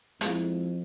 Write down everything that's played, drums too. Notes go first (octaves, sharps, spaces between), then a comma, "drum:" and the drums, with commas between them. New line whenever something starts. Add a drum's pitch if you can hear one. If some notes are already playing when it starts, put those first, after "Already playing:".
F2 G#3 E4, drum: hi-hat